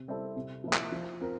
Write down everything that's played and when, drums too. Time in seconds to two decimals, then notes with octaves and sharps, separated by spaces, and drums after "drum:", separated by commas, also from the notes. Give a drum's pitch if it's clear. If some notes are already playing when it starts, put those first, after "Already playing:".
Already playing: C3
0.08 G3 C4 E4 A4
0.36 C3
0.64 F3 A#3 E4
0.73 drum: clap
0.92 F3
1.21 C4 F4 A#4